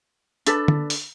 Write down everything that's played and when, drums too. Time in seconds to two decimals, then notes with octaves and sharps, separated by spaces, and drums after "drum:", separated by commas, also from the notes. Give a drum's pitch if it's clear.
0.47 D4 A4 B4, drum: hi-hat
0.68 drum: tom D3
0.90 drum: open hi-hat